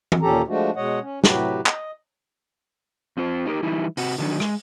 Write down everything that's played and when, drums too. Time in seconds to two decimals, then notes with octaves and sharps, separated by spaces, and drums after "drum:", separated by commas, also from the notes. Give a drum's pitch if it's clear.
0.12 drum: tom E3
0.22 D#2 A#2 C#4 G4 A4 A#5
0.47 F3 G#3 A3 D4 F#4
0.76 B2 G#3 C#5 D#5 F#5
1.01 C#4
1.24 A2 C3 F#3 F#4 G4 B4, drum: snare
1.66 D#5, drum: clap
3.17 F2 C4 F4 C5
3.46 D#4 G4 A#4
3.63 E3 G3 D#4 E4
3.97 C3 F#4, drum: open hi-hat
4.18 D3 D#3 F#3 D4
4.40 G#3, drum: rim click